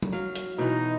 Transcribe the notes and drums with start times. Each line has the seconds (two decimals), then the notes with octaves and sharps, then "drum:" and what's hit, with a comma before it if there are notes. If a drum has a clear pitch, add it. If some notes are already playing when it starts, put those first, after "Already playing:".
0.02 drum: tom F#3
0.12 F#3 F5
0.35 drum: hi-hat
0.58 B2 E3 D#4